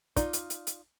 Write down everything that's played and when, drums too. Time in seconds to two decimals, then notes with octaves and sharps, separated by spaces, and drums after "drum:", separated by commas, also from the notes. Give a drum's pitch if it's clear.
0.16 D#4 F4 D5, drum: kick, hi-hat
0.33 drum: hi-hat
0.50 drum: hi-hat
0.67 drum: hi-hat